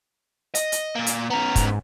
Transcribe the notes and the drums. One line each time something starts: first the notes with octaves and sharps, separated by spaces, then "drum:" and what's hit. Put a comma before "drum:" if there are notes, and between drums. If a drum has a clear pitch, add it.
D#5, drum: hi-hat
drum: hi-hat
A#2 A#3
drum: hi-hat
B3 C#4 A#5
G#2, drum: kick, hi-hat